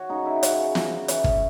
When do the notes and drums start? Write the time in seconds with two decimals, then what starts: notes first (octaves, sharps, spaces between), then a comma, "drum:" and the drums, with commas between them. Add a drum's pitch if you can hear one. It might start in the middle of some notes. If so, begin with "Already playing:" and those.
Already playing: F#4 C#5
0.09 C#3 D#4
0.26 E4
0.43 C#3, drum: hi-hat
0.75 C#3, drum: snare
1.08 E3, drum: hi-hat
1.24 drum: kick